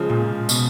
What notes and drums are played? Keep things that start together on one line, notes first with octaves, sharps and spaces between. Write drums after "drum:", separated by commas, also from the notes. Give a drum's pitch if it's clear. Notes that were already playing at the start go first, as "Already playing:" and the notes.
Already playing: C#3 F3 G#3
A#2
B2, drum: tambourine